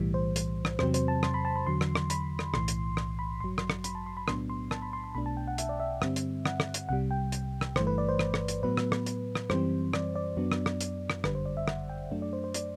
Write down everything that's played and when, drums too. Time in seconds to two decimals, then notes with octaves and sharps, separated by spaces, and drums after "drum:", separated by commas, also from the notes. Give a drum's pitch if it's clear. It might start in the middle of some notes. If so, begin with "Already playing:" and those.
Already playing: B1 A2 E3 G3
0.14 C5
0.36 drum: hi-hat
0.65 drum: rim click
0.79 E2 C3 F#3 C4 C5, drum: rim click
0.94 C5, drum: hi-hat
1.08 A5
1.23 C6, drum: rim click
1.34 B5
1.45 A5
1.56 B5
1.66 E2 D3 F#3 C6
1.81 drum: rim click
1.95 drum: rim click
2.10 B5, drum: hi-hat
2.39 drum: rim click
2.54 B1 A2 E3 C6, drum: rim click
2.68 drum: hi-hat
2.97 drum: rim click
3.19 B5
3.40 A1 G2 F#3 C6
3.58 C6, drum: rim click
3.70 drum: rim click
3.84 B5, drum: hi-hat
3.95 A5
4.06 C6
4.17 B5
4.28 B1 A2 F#3 B3 D4 C6, drum: rim click
4.50 C6
4.71 A5, drum: rim click
4.82 B5
4.93 C6
5.04 C6
5.15 B1 B2 A3 D4 B5
5.26 A5
5.37 G5
5.47 F#5
5.58 E5, drum: hi-hat
5.69 D5
5.80 E5
6.02 G2 D3 G3 C4 E5, drum: rim click
6.16 drum: hi-hat
6.46 F#5, drum: rim click
6.60 drum: rim click
6.74 drum: hi-hat
6.89 C2 C3 G3 F#5
7.11 G5
7.32 drum: hi-hat
7.61 drum: rim click
7.76 G1 G2 E3 A3 C5, drum: rim click
7.87 B4
7.98 D5
8.09 C5
8.19 drum: rim click
8.34 drum: rim click
8.48 drum: hi-hat
8.63 A2 F#3 B3 B4
8.77 drum: rim click
8.92 drum: rim click
9.06 drum: hi-hat
9.35 drum: rim click
9.50 F#2 E3 G3 C4 C5, drum: rim click
9.93 D5, drum: rim click
10.15 D5
10.37 F#2 F#3 B3 D4
10.52 drum: rim click
10.66 drum: rim click
10.81 drum: hi-hat
11.10 drum: rim click
11.24 G1 F#2 D3 G3 B4, drum: rim click
11.35 C5
11.46 D5
11.57 E5
11.68 F#5, drum: rim click
11.89 G5
12.11 F#2 F#3 A3 D4
12.22 D5
12.33 C5
12.44 C5
12.54 D5, drum: hi-hat